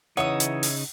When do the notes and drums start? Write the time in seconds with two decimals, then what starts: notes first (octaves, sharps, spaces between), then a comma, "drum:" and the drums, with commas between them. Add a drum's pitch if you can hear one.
0.17 C#3 E3 D#4 C#5 D#5 E5 F#5 D#6
0.40 drum: hi-hat
0.63 drum: open hi-hat